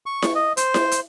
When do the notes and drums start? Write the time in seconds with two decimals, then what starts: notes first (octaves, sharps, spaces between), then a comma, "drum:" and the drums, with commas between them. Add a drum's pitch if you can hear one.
0.06 C#6
0.22 drum: snare E4
0.35 D#5
0.57 C5, drum: hi-hat
0.74 drum: snare E4
0.91 drum: hi-hat